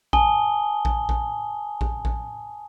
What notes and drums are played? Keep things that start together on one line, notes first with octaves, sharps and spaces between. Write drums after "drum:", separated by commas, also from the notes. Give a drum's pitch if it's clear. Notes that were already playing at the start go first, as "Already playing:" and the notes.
G#5 A5 D#6 G7, drum: kick A#1
drum: kick A#1
drum: kick A#1
drum: kick A#1
drum: kick A#1